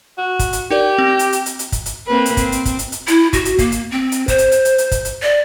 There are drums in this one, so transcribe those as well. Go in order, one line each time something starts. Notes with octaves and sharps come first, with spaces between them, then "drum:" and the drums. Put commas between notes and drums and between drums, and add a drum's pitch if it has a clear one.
F#4
drum: kick, hi-hat
drum: hi-hat
D#4 G4 A#4 D5
C4
drum: hi-hat
drum: hi-hat
drum: hi-hat
drum: hi-hat
drum: kick, hi-hat
drum: hi-hat
A#3 C4 B4
drum: hi-hat
C4, drum: kick, hi-hat
drum: hi-hat
drum: kick, hi-hat
drum: hi-hat
drum: hi-hat
E4, drum: hi-hat
F#4, drum: kick, hi-hat
drum: hi-hat
A#3, drum: kick, hi-hat
drum: hi-hat
C4
drum: hi-hat
C5, drum: kick, hi-hat
drum: hi-hat
drum: hi-hat
drum: hi-hat
drum: hi-hat
drum: kick, hi-hat
drum: hi-hat
D5